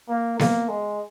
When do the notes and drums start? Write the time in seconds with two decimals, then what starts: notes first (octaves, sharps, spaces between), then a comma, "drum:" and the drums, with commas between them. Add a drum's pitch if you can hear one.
0.09 A#3
0.39 A#3, drum: snare B3
0.69 G#3